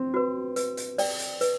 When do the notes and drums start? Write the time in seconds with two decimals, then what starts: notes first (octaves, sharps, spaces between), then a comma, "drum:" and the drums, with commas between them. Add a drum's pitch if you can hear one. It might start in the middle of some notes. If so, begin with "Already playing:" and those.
Already playing: C4
0.14 F#4 B4
0.56 B4, drum: hi-hat
0.77 drum: hi-hat
0.98 D5 G5, drum: open hi-hat
1.19 drum: hi-hat
1.41 B4, drum: hi-hat